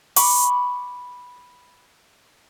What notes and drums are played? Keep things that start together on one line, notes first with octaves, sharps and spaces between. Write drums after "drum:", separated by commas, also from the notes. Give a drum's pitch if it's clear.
B5 C#6 D6, drum: open hi-hat